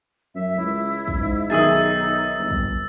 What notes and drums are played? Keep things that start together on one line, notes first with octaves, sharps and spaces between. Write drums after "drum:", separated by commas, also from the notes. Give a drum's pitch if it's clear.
F#2 E5
C#2 E4
drum: kick
G#2
B1 D#3 D#4 G#4 E5 E6 A6
G1
drum: kick